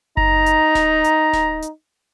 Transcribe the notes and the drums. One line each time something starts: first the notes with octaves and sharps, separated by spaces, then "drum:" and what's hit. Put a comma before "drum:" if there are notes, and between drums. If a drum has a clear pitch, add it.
D#4 A#5, drum: kick F#1
drum: hi-hat
drum: snare D1
drum: hi-hat
drum: snare D1
drum: hi-hat